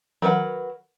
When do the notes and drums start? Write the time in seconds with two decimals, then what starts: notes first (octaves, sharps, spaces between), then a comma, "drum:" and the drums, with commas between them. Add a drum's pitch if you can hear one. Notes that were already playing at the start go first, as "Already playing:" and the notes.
0.22 F#3 A#4 B4 F#5, drum: tom D#3